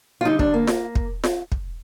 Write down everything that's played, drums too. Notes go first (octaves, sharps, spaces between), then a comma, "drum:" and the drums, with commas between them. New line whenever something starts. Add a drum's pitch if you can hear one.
F4
D3 G3 D#4
D4, drum: kick
A#3
drum: snare F4
drum: kick
drum: snare F4
drum: kick